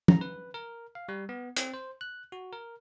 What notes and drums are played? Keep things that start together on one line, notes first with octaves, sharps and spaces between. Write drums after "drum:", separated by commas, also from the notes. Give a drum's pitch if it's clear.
A#5, drum: tom
B4
A#4
F5
G3
B3
C4, drum: hi-hat
C5
F#6
F#4
A#4